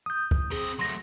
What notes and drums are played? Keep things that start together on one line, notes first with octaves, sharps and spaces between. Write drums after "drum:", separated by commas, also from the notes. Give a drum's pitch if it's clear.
D#6 G6
drum: kick C#2
C4 G#4 D#5
drum: tambourine
F#3 A3 C6 A#6